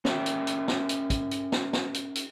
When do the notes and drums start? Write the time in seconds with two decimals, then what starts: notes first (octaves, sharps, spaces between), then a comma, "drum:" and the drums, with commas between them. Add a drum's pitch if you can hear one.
0.05 C#4 D4 A#4 B4 E5 G5, drum: snare
0.26 drum: hi-hat
0.47 drum: hi-hat
0.68 drum: snare
0.89 drum: hi-hat
1.10 drum: kick, hi-hat
1.31 drum: hi-hat
1.52 drum: snare
1.73 drum: snare
1.94 drum: hi-hat
2.16 drum: hi-hat